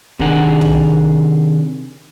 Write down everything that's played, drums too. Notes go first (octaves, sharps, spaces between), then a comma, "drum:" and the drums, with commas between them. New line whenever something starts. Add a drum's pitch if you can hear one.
C3 D#3 D4 G#4 A#4 F#5, drum: kick
drum: tom